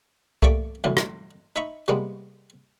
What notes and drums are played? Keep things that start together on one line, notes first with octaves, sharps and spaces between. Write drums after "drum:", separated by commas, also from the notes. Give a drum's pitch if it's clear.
A3 A#3 G4 D5 C#6 D6, drum: kick C2
C2 F#2 A2 D3 E3
drum: rim click
D#4 E5 A#5 B5 C#6
C3 F3 G3 G#3 A#3 B3